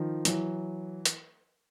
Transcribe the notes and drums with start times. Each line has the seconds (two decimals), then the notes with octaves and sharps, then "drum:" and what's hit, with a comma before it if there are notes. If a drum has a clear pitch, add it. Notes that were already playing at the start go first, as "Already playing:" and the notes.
Already playing: D#3 F3
0.25 E3 F#3, drum: hi-hat
1.05 drum: hi-hat